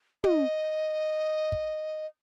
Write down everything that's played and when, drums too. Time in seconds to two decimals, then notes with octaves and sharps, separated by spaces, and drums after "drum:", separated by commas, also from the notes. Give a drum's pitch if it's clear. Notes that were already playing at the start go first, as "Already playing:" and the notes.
0.24 D#5, drum: tom
1.52 drum: kick